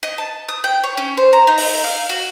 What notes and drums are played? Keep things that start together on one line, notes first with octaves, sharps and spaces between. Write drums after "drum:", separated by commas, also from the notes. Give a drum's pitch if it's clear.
D#5
A5
D#6
G5
C#5
C#4
C5
A#5
D#4
drum: open hi-hat
F5
F#4